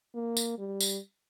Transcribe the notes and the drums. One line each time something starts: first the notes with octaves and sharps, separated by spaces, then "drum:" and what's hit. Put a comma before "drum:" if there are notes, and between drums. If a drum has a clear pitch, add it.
A#3
drum: tambourine
G3
drum: tambourine